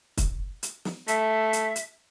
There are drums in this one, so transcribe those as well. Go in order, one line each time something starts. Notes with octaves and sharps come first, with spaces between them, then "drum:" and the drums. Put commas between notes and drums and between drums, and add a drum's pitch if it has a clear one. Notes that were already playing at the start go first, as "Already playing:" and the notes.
drum: kick, hi-hat
drum: hi-hat
drum: snare
A3 E5, drum: hi-hat
drum: hi-hat
drum: hi-hat